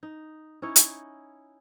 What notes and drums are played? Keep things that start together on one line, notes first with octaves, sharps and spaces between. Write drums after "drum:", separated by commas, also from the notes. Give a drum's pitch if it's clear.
D#4
C#4 D#4 E4 C#5
drum: hi-hat